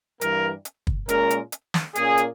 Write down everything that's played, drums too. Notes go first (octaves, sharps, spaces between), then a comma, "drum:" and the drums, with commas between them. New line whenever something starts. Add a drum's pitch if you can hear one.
G2 E3 G3 A#3 A#4, drum: hi-hat
drum: hi-hat
drum: kick
A#2 G#3 C#4 A#4, drum: hi-hat
drum: hi-hat
drum: hi-hat
drum: snare
A#2 A#3 C#4 G#4, drum: hi-hat
drum: hi-hat